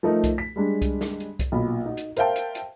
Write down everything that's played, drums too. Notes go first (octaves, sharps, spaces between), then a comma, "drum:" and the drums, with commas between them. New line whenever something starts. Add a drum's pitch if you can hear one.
F3 A3 D#4 A#4
drum: kick C2, hi-hat
B6
G3 G#3 D4
drum: kick C2, hi-hat
drum: snare
drum: hi-hat
drum: kick C2, hi-hat
B1 A#2 B5
D#4 F#4
drum: hi-hat
A#4 C5 E5 F5 G5 A5, drum: hi-hat
drum: hi-hat
drum: hi-hat